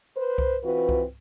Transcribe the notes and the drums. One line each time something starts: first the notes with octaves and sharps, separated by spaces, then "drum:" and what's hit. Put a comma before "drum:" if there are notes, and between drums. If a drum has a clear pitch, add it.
B4 C5
drum: kick C2
E3 C4 F4 F#4 B4
drum: kick C2